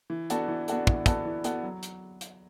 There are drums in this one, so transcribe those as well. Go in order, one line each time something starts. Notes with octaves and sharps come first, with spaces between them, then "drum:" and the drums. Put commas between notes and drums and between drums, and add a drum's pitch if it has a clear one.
E3
B3 D4 F#4 A4, drum: hi-hat
E3
B3 D4 F#4 A4, drum: hi-hat
E3, drum: kick
B3 D4 F#4 A4, drum: kick, hi-hat
E3
B3 D4 F#4 A4, drum: hi-hat
F#3
drum: hi-hat
drum: hi-hat